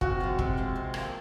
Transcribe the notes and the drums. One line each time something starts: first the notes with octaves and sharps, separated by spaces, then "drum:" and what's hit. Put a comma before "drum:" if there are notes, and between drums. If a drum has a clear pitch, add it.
C3 F#4, drum: kick
F3 G#3
C3, drum: kick
F3 G#3
C3
F3 A#3, drum: rim click